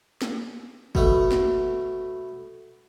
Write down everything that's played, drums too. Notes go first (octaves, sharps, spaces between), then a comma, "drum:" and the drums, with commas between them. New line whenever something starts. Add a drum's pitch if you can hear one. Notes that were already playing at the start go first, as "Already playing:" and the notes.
drum: snare
B2 A3, drum: kick
drum: snare